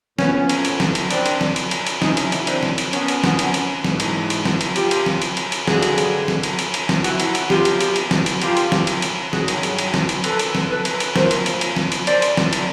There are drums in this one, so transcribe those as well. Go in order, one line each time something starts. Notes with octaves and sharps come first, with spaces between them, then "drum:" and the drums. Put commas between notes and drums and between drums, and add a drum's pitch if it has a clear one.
A2 F3 B3 C#4, drum: snare
drum: cymbal
drum: cymbal
drum: snare
drum: cymbal
C4 D4, drum: cymbal
drum: cymbal
drum: snare
drum: cymbal
drum: cymbal
drum: cymbal
F#2 C#3 E3 C#4 D#4, drum: snare
drum: cymbal
drum: cymbal
C4 D4, drum: cymbal
drum: snare
drum: cymbal
B3 C#4, drum: cymbal
drum: cymbal
drum: snare
drum: cymbal
drum: cymbal
G#2 E3, drum: snare
drum: cymbal
drum: cymbal
drum: snare
drum: cymbal
F4 G4, drum: cymbal
drum: cymbal
drum: snare
drum: cymbal
drum: cymbal
drum: cymbal
G2 D3 F#3 F#4 G#4, drum: snare
drum: cymbal
drum: cymbal
drum: snare
drum: cymbal
drum: cymbal
drum: cymbal
drum: snare
E4 F#4, drum: cymbal
drum: cymbal
drum: cymbal
B2 F#3 F4 G4, drum: snare
drum: cymbal
drum: cymbal
drum: cymbal
drum: snare
drum: cymbal
F4 G4, drum: cymbal
drum: cymbal
drum: snare
drum: cymbal
drum: cymbal
G2 D#3 F#3 F#4 G#4, drum: snare
drum: cymbal
drum: cymbal
drum: cymbal
drum: snare
drum: cymbal
A4 B4, drum: cymbal
drum: cymbal
drum: snare
A4 B4
drum: cymbal
drum: cymbal
A#2 F3 A#4 C5, drum: snare
drum: cymbal
drum: cymbal
drum: cymbal
drum: snare
drum: cymbal
C5 D5, drum: cymbal
drum: cymbal
drum: snare
drum: cymbal